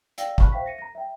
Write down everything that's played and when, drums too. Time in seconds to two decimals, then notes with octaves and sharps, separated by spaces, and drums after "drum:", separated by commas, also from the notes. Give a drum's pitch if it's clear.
0.18 D5 F5 G5 E6 A#6, drum: hi-hat
0.38 A5 B5 C#6 F6 F#6, drum: kick
0.52 C5 E5 F5 G5 C#6 B6
0.66 A#6 C#7 D#7
0.79 A#5 A#6
0.95 E5 G5